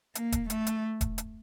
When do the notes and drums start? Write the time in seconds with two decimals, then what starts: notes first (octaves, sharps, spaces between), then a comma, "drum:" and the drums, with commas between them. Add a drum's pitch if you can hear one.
0.15 A#3, drum: hi-hat
0.32 drum: kick D#1, hi-hat
0.50 A3, drum: hi-hat
0.67 drum: hi-hat
1.01 drum: kick D#1, hi-hat
1.18 drum: hi-hat